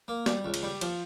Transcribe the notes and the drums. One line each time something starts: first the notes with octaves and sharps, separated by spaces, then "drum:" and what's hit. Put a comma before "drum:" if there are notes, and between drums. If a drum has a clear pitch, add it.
A#3
G3, drum: snare
C#2
drum: cymbal
G3
F3, drum: cymbal